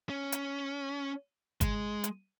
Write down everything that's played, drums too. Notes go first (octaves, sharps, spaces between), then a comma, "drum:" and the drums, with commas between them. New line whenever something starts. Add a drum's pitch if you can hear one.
C#4
drum: hi-hat
G#3, drum: kick, hi-hat
drum: hi-hat